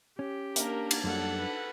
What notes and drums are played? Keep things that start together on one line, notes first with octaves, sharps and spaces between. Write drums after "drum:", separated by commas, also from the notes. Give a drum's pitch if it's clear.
C#4 G4
A#3 D4 A#4, drum: hi-hat
drum: cymbal
F#2 G3 A#3 A4 F#5
B4